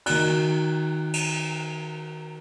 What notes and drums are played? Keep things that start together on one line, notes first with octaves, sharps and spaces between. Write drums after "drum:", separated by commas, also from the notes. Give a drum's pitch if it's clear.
D#3 F#4 F#6, drum: cymbal
drum: cymbal